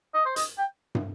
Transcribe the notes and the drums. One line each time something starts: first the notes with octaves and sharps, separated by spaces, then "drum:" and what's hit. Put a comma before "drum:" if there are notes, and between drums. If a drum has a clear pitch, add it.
D#5
C5
D#5, drum: hi-hat
G5
drum: tom